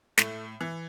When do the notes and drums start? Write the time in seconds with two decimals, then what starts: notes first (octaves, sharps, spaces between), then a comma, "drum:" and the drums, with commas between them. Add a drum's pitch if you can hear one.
0.18 A2 A3, drum: snare
0.61 E3